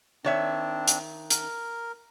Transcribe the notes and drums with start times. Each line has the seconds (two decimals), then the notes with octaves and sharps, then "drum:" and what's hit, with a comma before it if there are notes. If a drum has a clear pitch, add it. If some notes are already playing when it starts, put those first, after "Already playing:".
0.25 D#3 C4 D4 C#5 E5
0.88 drum: hi-hat
1.30 A#4, drum: hi-hat